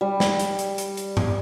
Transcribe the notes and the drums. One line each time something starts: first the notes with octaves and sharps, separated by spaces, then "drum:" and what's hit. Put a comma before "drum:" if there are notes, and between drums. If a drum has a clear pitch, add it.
G3
drum: snare
drum: hi-hat
drum: hi-hat
drum: hi-hat
drum: hi-hat
drum: tom G2